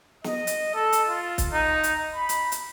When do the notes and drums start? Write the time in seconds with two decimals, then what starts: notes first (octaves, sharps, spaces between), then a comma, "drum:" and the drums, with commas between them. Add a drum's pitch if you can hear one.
0.24 D#5, drum: snare
0.47 drum: hi-hat
0.74 A4
0.93 drum: hi-hat
1.08 F4
1.38 drum: kick, hi-hat
1.53 D#4
1.83 drum: hi-hat
2.14 B5
2.29 drum: hi-hat
2.52 drum: hi-hat